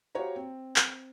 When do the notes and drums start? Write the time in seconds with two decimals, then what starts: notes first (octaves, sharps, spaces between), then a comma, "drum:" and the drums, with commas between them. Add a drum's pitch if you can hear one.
0.15 F#4 G4 C5 C#5 F5 A#5
0.36 C4
0.76 drum: clap